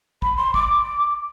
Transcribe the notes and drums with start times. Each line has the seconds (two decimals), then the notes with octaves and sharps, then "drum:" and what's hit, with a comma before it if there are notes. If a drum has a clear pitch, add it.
0.22 B5, drum: kick
0.37 C6
0.54 D6, drum: kick